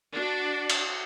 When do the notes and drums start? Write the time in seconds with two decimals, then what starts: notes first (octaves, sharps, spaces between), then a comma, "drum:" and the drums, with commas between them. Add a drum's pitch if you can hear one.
0.14 D4 F#4
0.70 drum: cymbal